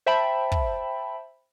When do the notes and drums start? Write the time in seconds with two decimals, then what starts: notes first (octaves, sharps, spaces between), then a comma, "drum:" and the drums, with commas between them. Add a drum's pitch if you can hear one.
0.06 C5 E5 G5 A5 B5
0.52 drum: kick